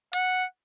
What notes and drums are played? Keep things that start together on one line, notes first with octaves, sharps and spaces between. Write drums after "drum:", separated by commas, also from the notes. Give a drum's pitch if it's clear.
F#5, drum: hi-hat